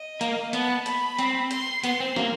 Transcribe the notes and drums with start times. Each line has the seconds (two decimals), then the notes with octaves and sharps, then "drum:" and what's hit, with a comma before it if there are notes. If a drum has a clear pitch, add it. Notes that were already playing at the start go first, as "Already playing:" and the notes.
Already playing: D#5
0.21 A#3, drum: hi-hat
0.53 B3 A5, drum: hi-hat
0.86 B5, drum: hi-hat
1.19 C4, drum: hi-hat
1.51 C6, drum: hi-hat
1.84 B3 C6, drum: hi-hat
2.00 C4
2.16 A#3, drum: snare